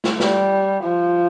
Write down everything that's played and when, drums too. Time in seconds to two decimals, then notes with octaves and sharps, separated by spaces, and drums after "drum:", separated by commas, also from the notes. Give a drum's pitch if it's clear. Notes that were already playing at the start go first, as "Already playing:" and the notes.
0.04 drum: snare
0.20 G3, drum: snare
0.84 F3